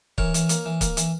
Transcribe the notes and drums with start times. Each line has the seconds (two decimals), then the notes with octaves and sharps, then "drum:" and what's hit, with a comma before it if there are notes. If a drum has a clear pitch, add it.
0.18 E3 A#4 C#5, drum: kick C#1
0.34 E3, drum: hi-hat
0.49 A#3, drum: hi-hat
0.66 E3
0.81 A#3, drum: kick C#1, hi-hat
0.97 E3, drum: hi-hat